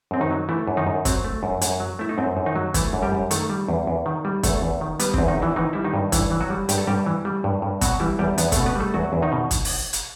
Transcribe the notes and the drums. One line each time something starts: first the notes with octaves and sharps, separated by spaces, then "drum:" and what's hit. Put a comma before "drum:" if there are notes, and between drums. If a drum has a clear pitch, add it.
F#2 C4
D#3 D#4
F#3
E3 A3 E4
F#2
D#3 D#4
F#2
F#3 C4, drum: kick, hi-hat
A3
F#2
F#2, drum: hi-hat
F#3
A3 E4
D#4
F#2 C4
F#2
D#3 D#4
F#3
E3 A3 E4, drum: kick, hi-hat
F#2
G3 G4
F#2
D#3 A3 A4, drum: hi-hat
G3
E2
E2
D#3
G3
E2 A3 A4, drum: kick, hi-hat
E2
D#3
G3 B3 B4, drum: hi-hat
E2 C4, drum: kick
D#3 D#4
E2 E3 E4
D#3 E3 D#4
G3 E4
D#3 D#4
G2
G2 E3 E4, drum: kick, hi-hat
E3
F#3 F#4
G3
G2 G4, drum: hi-hat
A4
G2 G3 G4
E3
G3
G2
G2
B2 F#3 F#4, drum: kick, hi-hat
E3 G3 E4
E2 G3 G4
E2 B3 B4, drum: hi-hat
B2 A3 A4, drum: kick, hi-hat
B3 B4
G3 A3 A4
E2 F#3 F#4
E2
D#3 D#4
B2
drum: kick, hi-hat
drum: open hi-hat
drum: hi-hat